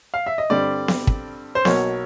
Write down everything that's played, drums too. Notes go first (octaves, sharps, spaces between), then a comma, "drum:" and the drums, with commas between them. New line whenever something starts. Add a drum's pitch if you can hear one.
F5
E5
D#5
G2 D3 G3 C4 D5
drum: snare B3
drum: kick
C5
B1 B2 F#3 A#3 C#5, drum: snare B3